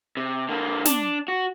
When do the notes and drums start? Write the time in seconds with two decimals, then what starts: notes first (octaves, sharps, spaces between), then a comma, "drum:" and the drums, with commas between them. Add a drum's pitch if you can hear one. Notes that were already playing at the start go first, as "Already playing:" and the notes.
0.17 C3
0.49 D3 A#3
0.85 D4, drum: snare
1.28 F#4